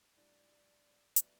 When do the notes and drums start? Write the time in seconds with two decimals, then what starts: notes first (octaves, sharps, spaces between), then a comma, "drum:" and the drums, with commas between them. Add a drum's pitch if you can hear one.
0.16 A2 G3 D4 D5
1.16 A2 F#3 B3 E4 D5, drum: hi-hat